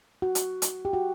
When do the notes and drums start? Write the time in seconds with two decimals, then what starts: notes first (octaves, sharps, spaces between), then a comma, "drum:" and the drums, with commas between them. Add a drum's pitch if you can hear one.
0.22 F#4
0.35 drum: hi-hat
0.62 drum: hi-hat
0.85 G4
0.93 F#4